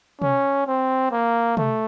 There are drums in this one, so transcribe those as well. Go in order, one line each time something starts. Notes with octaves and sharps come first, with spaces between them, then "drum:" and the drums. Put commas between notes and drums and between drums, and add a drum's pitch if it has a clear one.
C#4, drum: tom
C4
A#3
A3, drum: tom